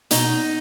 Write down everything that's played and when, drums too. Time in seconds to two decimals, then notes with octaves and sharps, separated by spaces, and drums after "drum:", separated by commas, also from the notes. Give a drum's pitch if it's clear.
0.11 B2 D#4, drum: hi-hat